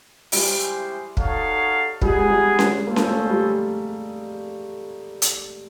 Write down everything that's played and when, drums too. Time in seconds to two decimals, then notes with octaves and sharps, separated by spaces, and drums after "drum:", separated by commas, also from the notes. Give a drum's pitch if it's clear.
0.32 G3 G#3 C#4 E4 G4 C5, drum: open hi-hat
1.17 D#4 F#4 A4 C#5 F5, drum: kick
2.02 G3 B3 D#4 G#4, drum: kick
2.19 G#3
2.30 G3
2.59 G#3, drum: snare C#4
2.86 A#3 C#4 F4 A4 C5
2.96 drum: snare C#4
3.08 A3
3.29 G3
5.22 drum: hi-hat